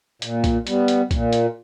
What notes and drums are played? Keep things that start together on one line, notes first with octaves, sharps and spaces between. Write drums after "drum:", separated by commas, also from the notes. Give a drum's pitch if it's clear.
A#2, drum: hi-hat
drum: kick B1, hi-hat
G3 B3, drum: hi-hat
drum: hi-hat
A#2, drum: kick B1, hi-hat
drum: hi-hat